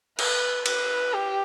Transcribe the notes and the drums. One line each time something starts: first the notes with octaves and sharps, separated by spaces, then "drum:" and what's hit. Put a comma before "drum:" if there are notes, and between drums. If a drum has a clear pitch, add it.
B4, drum: cymbal
B4, drum: cymbal
G4